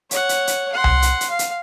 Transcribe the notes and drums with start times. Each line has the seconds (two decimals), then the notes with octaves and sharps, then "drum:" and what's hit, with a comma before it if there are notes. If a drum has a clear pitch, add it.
0.11 C#5 F#5, drum: hi-hat
0.29 drum: hi-hat
0.47 drum: hi-hat
0.72 F#5 C6
0.84 drum: tom C2
1.02 drum: hi-hat
1.21 drum: hi-hat
1.30 F5
1.39 drum: hi-hat